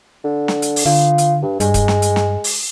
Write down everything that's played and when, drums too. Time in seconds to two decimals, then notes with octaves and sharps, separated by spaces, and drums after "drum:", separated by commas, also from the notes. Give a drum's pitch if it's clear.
0.24 D3
0.48 drum: snare
0.62 drum: hi-hat
0.76 drum: open hi-hat
0.86 D3 F4
1.18 drum: hi-hat
1.42 G2
1.60 G2 G#3, drum: hi-hat
1.74 drum: kick, hi-hat
1.88 drum: snare
2.02 drum: hi-hat
2.16 drum: snare
2.44 drum: open hi-hat